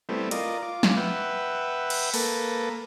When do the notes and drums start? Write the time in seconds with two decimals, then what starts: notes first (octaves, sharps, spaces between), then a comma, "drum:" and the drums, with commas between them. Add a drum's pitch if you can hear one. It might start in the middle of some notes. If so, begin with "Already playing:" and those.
0.09 G3 A3 B3 C4 E4
0.31 F4 A#4 D5 D#5, drum: hi-hat
0.62 F4 D6
0.83 drum: snare
0.97 B4 E5 F#5 G5
1.90 drum: cymbal
2.14 A#3 A4 B4, drum: open hi-hat